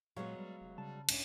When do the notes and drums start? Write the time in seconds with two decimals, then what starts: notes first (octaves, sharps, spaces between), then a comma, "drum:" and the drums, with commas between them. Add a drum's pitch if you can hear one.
0.16 A#2 F#3 G#3 B3 C#5 F5 C#6
0.36 G3
0.61 F1
0.78 C#3 G3 A5
1.09 C#2 A2 C#4 D4, drum: cymbal